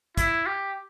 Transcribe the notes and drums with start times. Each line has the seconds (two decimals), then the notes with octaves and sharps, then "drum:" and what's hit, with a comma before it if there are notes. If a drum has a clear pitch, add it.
0.17 E4, drum: kick, hi-hat
0.47 G4